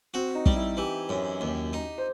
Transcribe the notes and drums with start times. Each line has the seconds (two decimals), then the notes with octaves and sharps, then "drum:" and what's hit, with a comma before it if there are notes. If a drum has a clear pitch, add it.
0.14 C4 F#4
0.35 D#4
0.46 G3, drum: kick
0.56 E4
0.77 E3 G4
1.09 F#2
1.41 D#2
1.73 D#4
1.98 C5